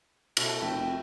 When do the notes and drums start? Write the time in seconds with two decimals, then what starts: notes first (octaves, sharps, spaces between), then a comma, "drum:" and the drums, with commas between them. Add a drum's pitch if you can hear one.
0.37 B2 A3, drum: cymbal
0.61 F1 B2 E5 G5
0.80 F2